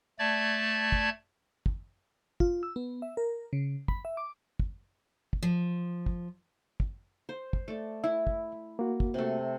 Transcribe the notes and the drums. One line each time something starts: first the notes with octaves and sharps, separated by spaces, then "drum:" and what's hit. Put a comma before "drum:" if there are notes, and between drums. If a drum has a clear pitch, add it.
A3 D5 A5 G#6
drum: kick
drum: kick
F4, drum: kick
E6
B3
E5
A#4
C#3
B5, drum: kick
E5
D6
drum: kick
drum: kick
F3
drum: kick
drum: kick
C5
drum: kick
A3 D5
E4 E5
drum: kick
A#3 F#4
drum: kick
C3 A3